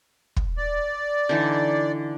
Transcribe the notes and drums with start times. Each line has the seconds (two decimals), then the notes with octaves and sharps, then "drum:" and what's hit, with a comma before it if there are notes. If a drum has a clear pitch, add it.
0.37 drum: kick
0.57 D5
1.29 D3 E3 D#4